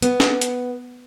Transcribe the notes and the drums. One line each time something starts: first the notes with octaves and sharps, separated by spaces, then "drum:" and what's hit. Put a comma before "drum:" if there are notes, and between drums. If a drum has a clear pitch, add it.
B3, drum: hi-hat
drum: snare
drum: hi-hat